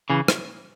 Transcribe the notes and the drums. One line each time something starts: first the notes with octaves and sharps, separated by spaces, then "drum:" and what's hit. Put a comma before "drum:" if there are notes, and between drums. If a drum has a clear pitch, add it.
C#3 E3
drum: rim click